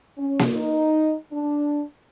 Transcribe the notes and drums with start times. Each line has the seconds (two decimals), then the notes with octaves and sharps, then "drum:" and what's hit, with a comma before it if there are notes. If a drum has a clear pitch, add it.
0.18 C#4
0.39 drum: snare A#3
0.55 D#4
1.32 D4